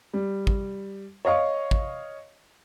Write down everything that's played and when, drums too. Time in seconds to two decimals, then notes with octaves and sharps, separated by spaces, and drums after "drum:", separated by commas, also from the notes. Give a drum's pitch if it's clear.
0.13 G3
0.47 drum: kick
1.25 C#5 D#5 F5 C#6
1.71 drum: kick